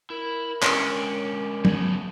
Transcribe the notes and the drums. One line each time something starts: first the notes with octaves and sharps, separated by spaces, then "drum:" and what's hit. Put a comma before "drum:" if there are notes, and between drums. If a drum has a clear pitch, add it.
E4 A#4
D3 G#3 C#4 G5, drum: clap
A3 B3 G#4, drum: tom